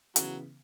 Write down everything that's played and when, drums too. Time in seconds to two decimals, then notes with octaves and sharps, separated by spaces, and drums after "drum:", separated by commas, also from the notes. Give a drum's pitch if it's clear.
0.16 C#3 E3 F#3 B3, drum: hi-hat